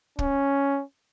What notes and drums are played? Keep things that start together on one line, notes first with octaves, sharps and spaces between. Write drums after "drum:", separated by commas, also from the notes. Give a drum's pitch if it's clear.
C#4, drum: kick